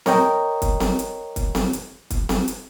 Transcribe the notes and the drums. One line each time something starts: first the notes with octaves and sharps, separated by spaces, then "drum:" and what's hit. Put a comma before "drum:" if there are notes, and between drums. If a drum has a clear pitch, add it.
A#4 C#5 D#5 G5 A#5, drum: snare C4
drum: kick, hi-hat
drum: snare C4
drum: hi-hat
drum: kick, hi-hat
drum: snare C4
drum: hi-hat
drum: kick, hi-hat
drum: snare C4
drum: hi-hat